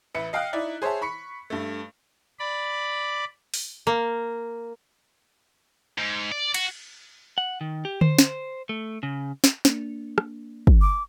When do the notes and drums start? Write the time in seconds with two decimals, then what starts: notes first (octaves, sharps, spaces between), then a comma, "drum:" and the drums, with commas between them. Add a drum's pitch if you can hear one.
0.15 A1 B4 E5 C#7
0.33 D#5 F5 G5 D#6 F#6
0.53 D#4 E4 D5
0.82 G#4 C5 C#5 E5 A5
1.01 B5 C#6 B6 C#7
1.50 G2 A3
2.39 D5 B5
3.54 drum: open hi-hat
3.87 A#3
5.98 G#2
6.31 D5
6.54 F#4, drum: cymbal
7.38 F#5
7.61 D#3
7.85 G4
8.01 C5, drum: tom D3
8.19 drum: snare
8.69 A3
9.03 C#3
9.44 drum: snare
9.65 A#3 D4, drum: snare
10.18 drum: rim click
10.67 drum: kick
10.81 D6